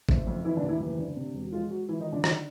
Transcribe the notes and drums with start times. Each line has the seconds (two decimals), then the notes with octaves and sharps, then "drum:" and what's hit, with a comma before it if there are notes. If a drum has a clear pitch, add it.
0.09 F#1, drum: kick
0.27 F2
0.45 E3 E4
0.57 D3 D4
0.63 D#2
0.68 E3 E4
0.80 F#1 E3 E4
0.98 D3
1.16 C3
1.34 E1
1.45 F#4
1.52 F3 G#3 F4
1.70 F#3 G#3 F#4
1.89 E3 F3 E4
2.01 D#3 D#4
2.06 F3
2.12 D3 D4
2.24 D3 D#3 D#4, drum: rim click